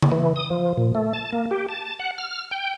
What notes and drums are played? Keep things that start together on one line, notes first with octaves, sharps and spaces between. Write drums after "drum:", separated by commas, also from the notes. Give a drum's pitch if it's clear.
drum: tom C#3
E3
D#6
F3
A#2
A3
A5
A#3
G4
A5
F#5
F6
G5